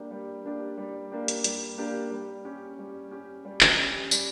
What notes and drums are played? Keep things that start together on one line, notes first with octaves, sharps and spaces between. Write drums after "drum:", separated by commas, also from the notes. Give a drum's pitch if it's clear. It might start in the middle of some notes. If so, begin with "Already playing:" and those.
Already playing: G3 A#3 D4 G4
G3
A#3 D4 G4
G3
A#3 D4 G4
drum: hi-hat
G3, drum: hi-hat
A#3 D4 G4
G3
C#4 G4
G3
C#4 G4
G3
drum: clap
C#4 G4
G3, drum: tambourine